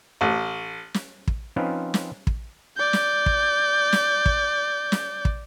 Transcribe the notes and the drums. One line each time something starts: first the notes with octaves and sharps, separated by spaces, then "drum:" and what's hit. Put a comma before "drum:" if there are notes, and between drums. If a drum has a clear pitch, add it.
A1
drum: snare
drum: kick
F3 C4 C#4 D#4 F4 B4
drum: snare
drum: kick
D5 G6
drum: snare
drum: kick
drum: snare
drum: kick
drum: snare
drum: kick